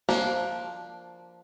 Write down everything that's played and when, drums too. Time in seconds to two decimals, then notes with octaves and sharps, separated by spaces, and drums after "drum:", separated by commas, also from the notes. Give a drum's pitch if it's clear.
0.09 F3 A#3 D4, drum: snare